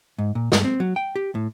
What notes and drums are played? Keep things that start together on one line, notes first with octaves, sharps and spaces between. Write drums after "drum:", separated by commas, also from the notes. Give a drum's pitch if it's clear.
G#2
A#2
G2, drum: snare
C4
F#3
G5
G4
A2